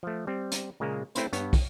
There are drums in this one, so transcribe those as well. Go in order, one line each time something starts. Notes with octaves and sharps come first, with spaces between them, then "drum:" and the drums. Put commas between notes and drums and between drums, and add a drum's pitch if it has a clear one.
F3 A3
G3 C4
drum: hi-hat
A#2 C#3 G#3 A#3
A3 C4 E4 B4 C5, drum: hi-hat
G2 B3 C#5, drum: hi-hat
drum: kick, open hi-hat